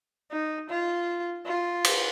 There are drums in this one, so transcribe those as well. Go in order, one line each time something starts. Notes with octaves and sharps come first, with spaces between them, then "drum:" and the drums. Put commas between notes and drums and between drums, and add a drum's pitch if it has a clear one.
D#4
F4
F4
drum: cymbal